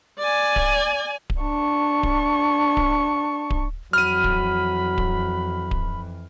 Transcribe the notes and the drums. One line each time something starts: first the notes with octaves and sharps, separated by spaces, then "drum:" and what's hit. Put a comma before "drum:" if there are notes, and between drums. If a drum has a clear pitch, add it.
D5 G#5
drum: kick D1
drum: kick D1
D4 C#6
drum: kick D1
drum: kick D1
drum: kick D1
F2 E3 F#3 B5 F6 D#7
drum: kick D1
drum: kick D1
drum: kick D1